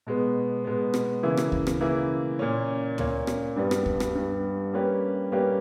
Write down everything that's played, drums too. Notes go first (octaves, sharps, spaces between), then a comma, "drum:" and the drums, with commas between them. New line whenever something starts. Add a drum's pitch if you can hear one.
B2 G#3 B3
B2 G#3 B3
drum: rim click
C#3 E3 A#3 E4
drum: rim click
drum: kick D2
drum: rim click
C#3 E3 A#3 E4
A#2 A#3 C#4
A#2 A#3 C#4, drum: tom
drum: rim click
G2 G3 B3
drum: rim click
drum: kick D2
drum: rim click
G2 G3 B3
G3 A#3 C#4 G4 B4
G3 A#3 C#4 G4 B4